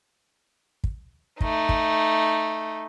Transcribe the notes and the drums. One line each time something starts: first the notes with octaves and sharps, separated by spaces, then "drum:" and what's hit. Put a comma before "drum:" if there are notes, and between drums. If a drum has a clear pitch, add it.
drum: kick
A3 D#4, drum: kick
drum: kick